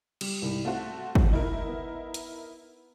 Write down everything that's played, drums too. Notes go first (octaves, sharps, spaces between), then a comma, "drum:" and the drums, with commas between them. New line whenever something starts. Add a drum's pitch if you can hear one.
G3, drum: cymbal
C2 G#2
A3 C4 F#4 F5 F#5
drum: kick
D#4 E4 A#4
B3
drum: hi-hat